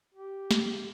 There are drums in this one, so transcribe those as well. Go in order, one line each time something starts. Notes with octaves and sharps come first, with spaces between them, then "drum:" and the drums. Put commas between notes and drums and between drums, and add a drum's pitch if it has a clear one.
G4
drum: snare